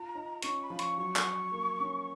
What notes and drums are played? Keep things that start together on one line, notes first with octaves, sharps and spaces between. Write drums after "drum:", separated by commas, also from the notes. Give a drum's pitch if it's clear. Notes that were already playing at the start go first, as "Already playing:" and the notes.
Already playing: F4 A#5
D#4
C#4 C#6, drum: hi-hat
B5
F3
C#6, drum: hi-hat
F#3 C#6
drum: clap
A#3
C#4